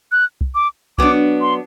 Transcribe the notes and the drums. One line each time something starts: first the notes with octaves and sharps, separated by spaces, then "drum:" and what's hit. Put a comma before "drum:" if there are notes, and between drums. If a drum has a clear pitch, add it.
F#6
drum: kick
D6
F#3 B3 D4 D6, drum: kick
C6